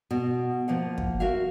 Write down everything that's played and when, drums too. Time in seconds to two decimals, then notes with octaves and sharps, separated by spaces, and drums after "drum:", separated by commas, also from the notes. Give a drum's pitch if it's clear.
0.11 B2
0.68 F3 A#3 F#5
0.98 drum: kick
1.20 F#4 A#4 E5 F5